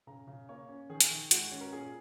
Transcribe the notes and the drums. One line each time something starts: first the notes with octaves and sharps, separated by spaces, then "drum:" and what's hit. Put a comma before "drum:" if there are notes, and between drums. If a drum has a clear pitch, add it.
C#3 A#5
C#3
A#3 C#5
C#4
D#3 G#4
drum: hi-hat
D#3
G#3 F#4, drum: hi-hat
C#4
A#4
A#2 G#4